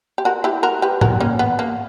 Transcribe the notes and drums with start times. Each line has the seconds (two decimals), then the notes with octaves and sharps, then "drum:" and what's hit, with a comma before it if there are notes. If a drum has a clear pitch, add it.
0.18 G4
0.25 F#4 A#4
0.44 E4 G4
0.63 F#4 A#4
0.82 G4 B4
1.01 F#4 A#4, drum: tom
1.20 A#3 C#4
1.39 B3
1.59 A#3